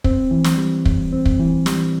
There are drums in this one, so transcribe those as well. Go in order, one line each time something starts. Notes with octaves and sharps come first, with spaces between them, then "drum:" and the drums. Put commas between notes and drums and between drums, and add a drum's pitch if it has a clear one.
C4, drum: kick
E3
drum: snare
G3
A2, drum: kick
C4
drum: kick
E3
G3, drum: snare